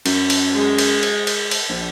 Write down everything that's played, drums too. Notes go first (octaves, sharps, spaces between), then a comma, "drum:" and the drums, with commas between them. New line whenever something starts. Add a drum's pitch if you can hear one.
F#2, drum: cymbal
drum: cymbal
G#3
drum: cymbal
drum: cymbal
drum: cymbal
drum: cymbal
A#1